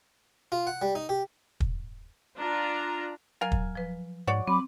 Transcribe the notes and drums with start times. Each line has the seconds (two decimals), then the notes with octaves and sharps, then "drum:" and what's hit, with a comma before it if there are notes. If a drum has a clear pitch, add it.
0.52 F4
0.67 F#5
0.82 G3
0.95 D#4
1.09 G4
1.60 drum: kick
2.38 D4 F4 A#5
3.41 F#3 A#4 F5 G#5
3.52 drum: kick
3.75 F3 B4
4.27 G#2 F#4 C#5 D5
4.48 F#3 C4 B5 D6